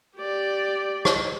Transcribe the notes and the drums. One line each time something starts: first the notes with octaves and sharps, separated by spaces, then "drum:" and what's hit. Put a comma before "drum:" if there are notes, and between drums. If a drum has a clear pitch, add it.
G4 D5
drum: rim click